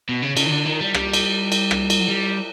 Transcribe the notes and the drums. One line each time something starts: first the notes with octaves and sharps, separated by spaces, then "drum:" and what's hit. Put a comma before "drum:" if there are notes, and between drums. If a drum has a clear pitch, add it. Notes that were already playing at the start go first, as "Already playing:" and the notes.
B2
C#3
C#3, drum: cymbal
D#3
D3
D#3
G3
G3, drum: rim click
drum: cymbal
drum: cymbal
drum: rim click
drum: cymbal
F#3
G3